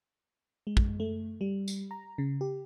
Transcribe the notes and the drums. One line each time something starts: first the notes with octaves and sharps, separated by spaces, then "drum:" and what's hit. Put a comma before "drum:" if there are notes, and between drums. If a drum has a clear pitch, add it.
G#3
drum: kick
A3
G3
drum: tambourine
A#5
C#3
G4